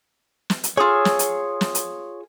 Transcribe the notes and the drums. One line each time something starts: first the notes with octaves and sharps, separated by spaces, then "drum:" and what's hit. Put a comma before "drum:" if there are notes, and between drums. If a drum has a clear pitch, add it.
drum: snare
drum: hi-hat
F4 G#4 C#5 D#6 E6
drum: snare
drum: hi-hat
drum: snare
drum: hi-hat